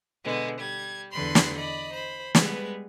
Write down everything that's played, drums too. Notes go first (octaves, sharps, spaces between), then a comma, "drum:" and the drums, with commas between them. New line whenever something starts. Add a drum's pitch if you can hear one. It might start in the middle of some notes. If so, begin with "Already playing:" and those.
B2 D3 G#3 B3
G3 G#6
E2 D3 B4 B5 C6
drum: snare
D5 D#5 B5
C5 B5
G3 G#3 B3 B4, drum: snare